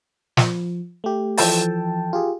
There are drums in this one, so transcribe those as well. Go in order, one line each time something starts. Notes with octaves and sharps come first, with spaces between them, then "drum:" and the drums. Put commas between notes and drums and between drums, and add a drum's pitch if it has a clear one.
F3, drum: snare
A3 G4
E3 F3 A4 G5 A5, drum: open hi-hat
F4 G4 G#4